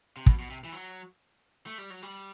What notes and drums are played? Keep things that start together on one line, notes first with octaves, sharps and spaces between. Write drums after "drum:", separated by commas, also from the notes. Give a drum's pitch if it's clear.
C3
B2, drum: kick
B2
C3
E3
F#3
A3
G3
F#3
G3